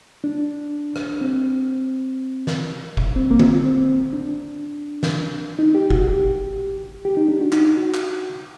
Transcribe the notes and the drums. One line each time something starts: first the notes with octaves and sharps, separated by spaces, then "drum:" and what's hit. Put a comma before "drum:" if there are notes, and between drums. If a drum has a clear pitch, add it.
D4
drum: rim click
C4
drum: snare
drum: kick
C4
A#3
C4, drum: tom D3
C4
D4
drum: snare
D#4
G4
F#4, drum: kick
G4
G4
D#4
D4
F#4
D#4, drum: clap
F#4
drum: clap